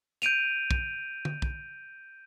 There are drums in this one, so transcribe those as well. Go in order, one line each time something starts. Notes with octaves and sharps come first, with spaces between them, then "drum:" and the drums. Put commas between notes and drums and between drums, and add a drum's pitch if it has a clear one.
G6 D7 D#7 F7, drum: hi-hat
drum: kick
drum: tom D3
drum: kick